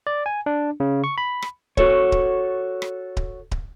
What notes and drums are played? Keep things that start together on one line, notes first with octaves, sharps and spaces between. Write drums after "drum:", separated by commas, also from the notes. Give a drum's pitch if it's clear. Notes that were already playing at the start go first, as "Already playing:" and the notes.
D5
G#5
D4
C#3
C#6
B5
drum: rim click
F#4 A4 C#5, drum: kick D1
drum: kick D1
drum: rim click
drum: kick D1
drum: kick D1